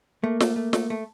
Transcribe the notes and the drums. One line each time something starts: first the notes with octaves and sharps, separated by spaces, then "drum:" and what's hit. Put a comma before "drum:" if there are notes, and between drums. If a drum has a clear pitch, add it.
A3 A#3
A3, drum: snare
A3
A3, drum: snare
A3